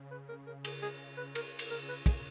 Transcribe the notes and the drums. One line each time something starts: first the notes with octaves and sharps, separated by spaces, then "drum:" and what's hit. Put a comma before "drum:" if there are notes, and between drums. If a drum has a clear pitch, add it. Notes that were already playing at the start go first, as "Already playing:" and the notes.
Already playing: C#3
B4
A#4
A#4
G#4, drum: cymbal
G#4
B4
A#4, drum: cymbal
drum: cymbal
A#4
B4
C#3 G#4, drum: kick, cymbal